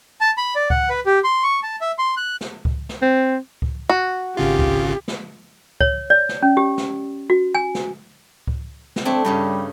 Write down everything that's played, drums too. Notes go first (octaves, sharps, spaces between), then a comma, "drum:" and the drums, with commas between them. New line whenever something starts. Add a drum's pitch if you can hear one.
A5
B5
D5
F#5, drum: kick C#2
B4
G4
C6
C#6
A5
E5
C6
F#6
drum: snare
drum: kick C#2
drum: snare
C4
drum: kick C#2
F#4
G#1 C#3 F4 G4
drum: kick C#2
drum: snare
C#5, drum: kick C#2
D5
drum: snare
C#4
G4
drum: snare
F#4
G#5
drum: snare
drum: kick C#2
drum: snare
A3 C4 D4 E4
G2 C#3 G3 D#4